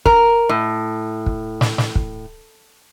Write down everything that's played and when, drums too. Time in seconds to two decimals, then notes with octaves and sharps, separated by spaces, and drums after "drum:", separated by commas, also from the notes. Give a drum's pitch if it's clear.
0.06 A#4, drum: kick
0.49 A2
1.26 drum: kick
1.61 drum: snare
1.78 drum: snare
1.95 drum: kick